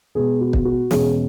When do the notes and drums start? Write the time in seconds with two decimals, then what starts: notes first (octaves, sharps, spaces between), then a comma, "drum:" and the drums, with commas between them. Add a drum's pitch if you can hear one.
0.15 B2 G#3 B3 G#4
0.41 F#4
0.53 drum: kick
0.65 F#4
0.91 E2 B2 G#3 C#4 G#4, drum: snare